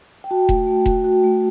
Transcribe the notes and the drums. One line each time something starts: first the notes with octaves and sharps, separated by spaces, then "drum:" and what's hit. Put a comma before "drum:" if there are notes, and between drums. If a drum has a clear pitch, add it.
G5
F#4 A5
A3, drum: kick E1
A3
F#4, drum: kick E1
F#4
A3